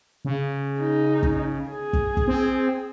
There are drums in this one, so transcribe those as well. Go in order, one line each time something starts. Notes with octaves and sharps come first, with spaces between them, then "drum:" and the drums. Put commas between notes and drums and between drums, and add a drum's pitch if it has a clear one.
C#3
D#4
drum: kick
G#4
drum: kick
drum: kick
C4